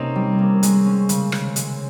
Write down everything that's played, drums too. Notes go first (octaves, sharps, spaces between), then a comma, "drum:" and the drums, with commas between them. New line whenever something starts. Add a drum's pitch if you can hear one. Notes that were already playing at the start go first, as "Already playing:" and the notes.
Already playing: C3 A#3 C4 C#4 D#4
G3
A#3
G#3, drum: hi-hat
C#4
C#3, drum: hi-hat
C#3, drum: rim click
G#3, drum: hi-hat